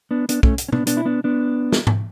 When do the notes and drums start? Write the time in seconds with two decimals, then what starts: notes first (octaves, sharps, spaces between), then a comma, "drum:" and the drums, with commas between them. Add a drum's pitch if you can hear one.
0.11 B3 D4
0.29 B3 D4, drum: hi-hat
0.43 A3 C#4, drum: kick
0.58 drum: hi-hat
0.69 C#4
0.72 B3 D4, drum: tom B2
0.87 B3 D4, drum: hi-hat
0.97 E4
1.05 B3 D4
1.24 B3 D4
1.72 drum: snare
1.87 drum: tom G#2